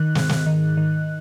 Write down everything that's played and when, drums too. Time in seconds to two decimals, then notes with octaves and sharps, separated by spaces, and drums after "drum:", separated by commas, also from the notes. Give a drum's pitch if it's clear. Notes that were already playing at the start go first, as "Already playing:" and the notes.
Already playing: D#3 F#6
0.15 G#2, drum: snare
0.29 drum: snare
0.46 D#3
0.77 D#3